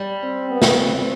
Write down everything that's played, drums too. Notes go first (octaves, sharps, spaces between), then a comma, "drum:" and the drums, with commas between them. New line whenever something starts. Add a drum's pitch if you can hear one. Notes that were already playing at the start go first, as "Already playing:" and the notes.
Already playing: G3
C4
B3
drum: snare
C4